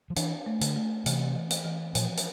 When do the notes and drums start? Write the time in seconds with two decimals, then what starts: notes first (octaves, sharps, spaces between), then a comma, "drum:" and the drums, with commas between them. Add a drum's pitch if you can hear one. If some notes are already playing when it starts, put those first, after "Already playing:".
0.10 F3
0.16 E3 D4, drum: hi-hat
0.46 A3
0.61 D3, drum: hi-hat
0.77 A3
1.06 C3 E3, drum: hi-hat
1.36 E3
1.50 drum: hi-hat
1.65 E3
1.95 A#2 F3, drum: hi-hat
2.17 drum: hi-hat